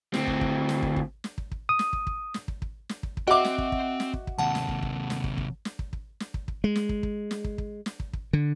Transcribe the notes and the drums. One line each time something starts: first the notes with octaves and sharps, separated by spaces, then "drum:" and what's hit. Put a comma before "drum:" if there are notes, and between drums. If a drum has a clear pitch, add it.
D2 C4, drum: snare
drum: kick
drum: kick
drum: snare
drum: kick
drum: kick
drum: snare
drum: kick
drum: kick
D#6
drum: snare
drum: kick
drum: kick
drum: snare
drum: kick
drum: kick
drum: snare
drum: kick
drum: kick
C4 F#4 D#5 E5 G5 D6
drum: snare
drum: kick
drum: kick
drum: snare
drum: kick
drum: kick
D#2 C3 F#5 A5
drum: snare
drum: kick
drum: kick
drum: snare
drum: kick
drum: kick
drum: snare
drum: kick
drum: kick
drum: snare
drum: kick
drum: kick
G#3
drum: snare
drum: kick
drum: kick
drum: snare
drum: kick
drum: kick
drum: snare
drum: kick
drum: kick
D3